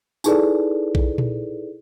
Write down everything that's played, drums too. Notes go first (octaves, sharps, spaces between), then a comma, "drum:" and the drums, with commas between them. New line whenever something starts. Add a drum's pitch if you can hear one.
D#4 E4 G#4 A4 B4 D5, drum: tambourine
drum: kick A#1
drum: tom A#2